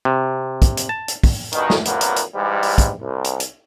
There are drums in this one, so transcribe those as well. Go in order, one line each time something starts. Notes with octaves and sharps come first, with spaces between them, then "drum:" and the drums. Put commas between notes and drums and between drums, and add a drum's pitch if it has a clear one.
C3
drum: kick, hi-hat
drum: hi-hat
A5
drum: hi-hat
drum: kick, open hi-hat
G2 B2 D#3, drum: hi-hat
drum: snare
A#1 F#2 A2 A#3 B3, drum: hi-hat
drum: hi-hat
drum: hi-hat
G#2 E3 G3
drum: open hi-hat
drum: kick, hi-hat
C2
drum: hi-hat
drum: hi-hat